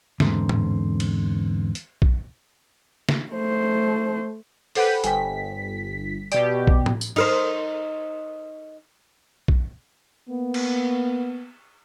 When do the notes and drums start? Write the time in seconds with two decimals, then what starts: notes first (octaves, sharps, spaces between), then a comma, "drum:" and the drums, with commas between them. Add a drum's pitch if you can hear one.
0.20 E2 G#2 D3 C4, drum: snare
0.49 drum: tom A2
1.00 drum: cymbal
1.75 drum: hi-hat
2.02 drum: kick A#1
3.09 drum: snare
3.32 A3 C5
4.75 G4 A4 B4 C5 F#5, drum: open hi-hat
5.04 G1 G5 G#5 B6, drum: hi-hat
6.32 B2 G4 D5, drum: hi-hat
6.67 drum: kick A#1
6.86 drum: tom A2
7.01 drum: tambourine
7.16 D#4 A#4 C5, drum: cymbal
9.48 drum: kick A#1
10.29 A#3 B3
10.54 drum: cymbal